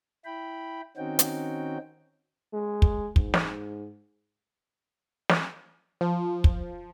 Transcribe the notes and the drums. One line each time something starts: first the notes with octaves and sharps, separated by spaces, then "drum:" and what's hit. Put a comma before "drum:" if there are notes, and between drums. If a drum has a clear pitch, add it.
E4 G5 B5
D#3 C4 C#4 D#4 F#4 G5
drum: hi-hat
G#3
drum: kick
G#2, drum: kick
drum: snare
drum: snare
F3
drum: kick